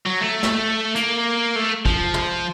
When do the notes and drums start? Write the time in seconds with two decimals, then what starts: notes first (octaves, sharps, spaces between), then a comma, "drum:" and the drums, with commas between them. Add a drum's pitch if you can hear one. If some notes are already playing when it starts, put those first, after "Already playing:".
0.06 F#3
0.20 A3
0.43 drum: snare
0.96 A#3, drum: hi-hat
1.56 A3
1.86 F3, drum: kick
2.14 drum: tom